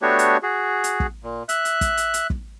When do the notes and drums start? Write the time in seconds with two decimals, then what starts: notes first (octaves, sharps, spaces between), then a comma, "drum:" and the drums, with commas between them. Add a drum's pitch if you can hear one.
0.02 A3 B3 D4 F#4 G4 C#5
0.19 drum: hi-hat
0.43 F#4 G#4
0.84 drum: hi-hat
1.00 drum: kick
1.24 A#2
1.49 E5 F#6, drum: hi-hat
1.65 drum: hi-hat
1.81 drum: kick, hi-hat
1.97 drum: hi-hat
2.14 drum: hi-hat
2.30 drum: kick